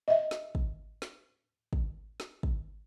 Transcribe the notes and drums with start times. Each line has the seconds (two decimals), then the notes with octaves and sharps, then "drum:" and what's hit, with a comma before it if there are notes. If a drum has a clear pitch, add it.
0.08 D#5 E5
0.31 drum: snare
0.55 drum: kick
1.02 drum: snare
1.73 drum: kick
2.20 drum: snare
2.43 drum: kick